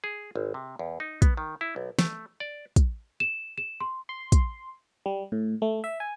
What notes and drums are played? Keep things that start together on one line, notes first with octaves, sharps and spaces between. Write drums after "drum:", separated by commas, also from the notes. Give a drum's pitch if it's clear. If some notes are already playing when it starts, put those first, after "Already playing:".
G#4
G#1
C3
E2
D#4
B3, drum: kick, hi-hat
D#3
E4
B1
A3, drum: snare
D5
drum: kick, hi-hat
E7
E7
C6
C6
drum: kick, hi-hat
G3
A2
A3
E5
G#5